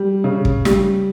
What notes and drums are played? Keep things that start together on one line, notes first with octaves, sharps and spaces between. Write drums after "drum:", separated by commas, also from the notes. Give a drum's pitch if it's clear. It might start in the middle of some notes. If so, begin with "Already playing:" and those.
Already playing: G3
C#3
drum: kick
G3, drum: snare